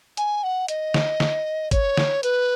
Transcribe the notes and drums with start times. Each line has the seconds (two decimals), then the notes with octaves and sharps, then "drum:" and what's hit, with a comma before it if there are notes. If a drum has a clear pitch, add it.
0.17 G#5, drum: hi-hat
0.43 F#5
0.68 D#5, drum: hi-hat
0.94 drum: snare
1.20 drum: snare
1.71 C#5, drum: kick, hi-hat
1.97 drum: snare
2.23 B4, drum: hi-hat